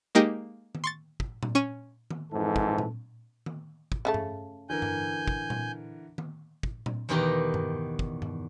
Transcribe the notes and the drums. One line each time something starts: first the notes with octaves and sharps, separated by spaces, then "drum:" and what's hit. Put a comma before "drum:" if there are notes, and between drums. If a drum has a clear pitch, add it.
G#3 A#3 D#4 G4
drum: tom D#3
C6 C#6 A6
drum: kick
drum: tom A#2
C#4 C#6 D#7
drum: tom D#3
F2 G#2 E3 A4
drum: kick
drum: tom A#2
drum: tom D#3
drum: kick
C#3 A3 A5
drum: tom G2
D3 E3 A#4 G#5 G6
drum: tom G2
drum: kick
drum: tom A#2
drum: tom D#3
drum: kick
drum: tom A#2
E2 B2 D#3 G4 G5 A#5
drum: tom G2
drum: kick
drum: tom G2